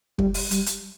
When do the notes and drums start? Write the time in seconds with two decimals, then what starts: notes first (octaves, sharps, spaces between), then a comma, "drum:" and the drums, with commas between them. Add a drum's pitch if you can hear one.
0.19 G3, drum: kick
0.34 drum: open hi-hat
0.51 G3, drum: hi-hat
0.66 drum: hi-hat